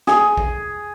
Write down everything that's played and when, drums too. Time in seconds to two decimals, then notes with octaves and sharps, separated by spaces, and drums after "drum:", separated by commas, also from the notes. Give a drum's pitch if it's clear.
0.07 G#4, drum: snare
0.37 drum: kick